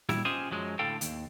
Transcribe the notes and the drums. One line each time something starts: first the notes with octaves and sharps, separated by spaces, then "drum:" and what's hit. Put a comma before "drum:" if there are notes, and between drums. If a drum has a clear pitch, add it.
A#2 G3 E4, drum: snare
C#4 F4 G4 G#4 C5 D#5
F#2 F3 F#3 G#3
A2 D3 A4 F5 G5
D#2, drum: hi-hat